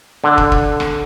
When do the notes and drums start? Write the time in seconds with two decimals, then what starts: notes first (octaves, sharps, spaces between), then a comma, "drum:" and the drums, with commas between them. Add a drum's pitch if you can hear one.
0.24 D3
0.38 drum: kick
0.52 drum: kick
0.80 drum: rim click